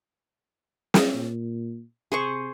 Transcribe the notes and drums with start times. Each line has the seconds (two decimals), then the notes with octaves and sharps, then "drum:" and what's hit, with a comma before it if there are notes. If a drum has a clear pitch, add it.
0.94 drum: snare
1.14 A#2
2.12 C3 G#4 C5 C#6